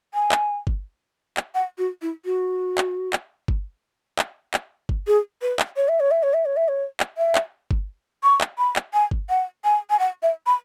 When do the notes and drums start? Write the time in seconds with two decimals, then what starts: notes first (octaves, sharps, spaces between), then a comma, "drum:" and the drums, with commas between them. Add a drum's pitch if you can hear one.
0.14 G#5
0.32 drum: clap
0.67 drum: kick G1
1.37 drum: clap
1.55 F#5
1.78 F#4
2.02 E4
2.25 F#4
2.78 drum: clap
3.13 drum: clap
3.48 drum: kick G1
4.19 drum: clap
4.54 drum: clap
4.89 drum: kick G1
5.07 G#4
5.42 B4
5.59 drum: clap
5.76 C#5
5.89 E5
6.00 C#5
6.11 E5
6.23 C#5
6.34 E5
6.45 C#5
6.57 E5
6.68 C#5
7.00 drum: clap
7.18 E5
7.35 drum: clap
7.71 drum: kick G1
8.23 C#6
8.41 drum: clap
8.58 B5
8.76 drum: clap
8.93 G#5
9.11 drum: kick G1
9.29 F#5
9.64 G#5
9.90 G#5
9.99 F#5
10.23 E5
10.46 B5